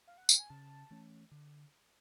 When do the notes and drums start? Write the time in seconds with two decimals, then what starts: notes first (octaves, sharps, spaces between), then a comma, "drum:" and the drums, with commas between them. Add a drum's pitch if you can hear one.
0.07 F5
0.18 F#5
0.29 G5, drum: tambourine
0.40 G#5
0.50 C#3 A5
0.91 E3 A3 C#4
1.31 D3